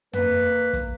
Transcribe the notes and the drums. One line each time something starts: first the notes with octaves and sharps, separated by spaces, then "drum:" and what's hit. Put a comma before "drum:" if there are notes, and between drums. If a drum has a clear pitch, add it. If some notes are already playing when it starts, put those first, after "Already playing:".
A#3 B4, drum: tom
drum: kick, hi-hat